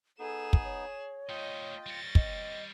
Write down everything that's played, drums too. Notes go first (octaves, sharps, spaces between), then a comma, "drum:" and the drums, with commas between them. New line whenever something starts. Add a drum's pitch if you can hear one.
B3 D#4 G#4 A4 E7
drum: kick
C#5
A3 D#4 F4 D#5 G5
G3 C#5 A6 A#6
C4 D#5, drum: kick